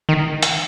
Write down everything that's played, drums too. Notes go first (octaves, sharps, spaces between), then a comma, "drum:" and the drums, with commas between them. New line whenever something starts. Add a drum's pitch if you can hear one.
D#3
drum: hi-hat